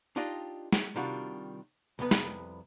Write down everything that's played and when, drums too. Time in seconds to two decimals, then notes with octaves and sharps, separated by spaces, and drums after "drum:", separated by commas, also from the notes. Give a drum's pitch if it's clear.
0.16 D4 D#4 F4 G4 D5 D#5
0.73 drum: snare
0.96 C3 D#3 G3 D4 F4 F#4
1.99 C2 F2 B3 B4
2.11 drum: snare